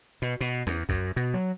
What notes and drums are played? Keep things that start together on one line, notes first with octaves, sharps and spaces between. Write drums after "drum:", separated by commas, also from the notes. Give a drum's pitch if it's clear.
B2
B2, drum: hi-hat
E2, drum: snare
F#2, drum: kick B1
B2
F#3